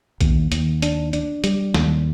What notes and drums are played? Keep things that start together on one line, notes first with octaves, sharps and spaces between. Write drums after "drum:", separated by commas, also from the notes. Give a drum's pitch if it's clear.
D#2, drum: kick A#1, hi-hat
D#2, drum: hi-hat
D4, drum: hi-hat
D4, drum: hi-hat
G3, drum: hi-hat
D#2, drum: snare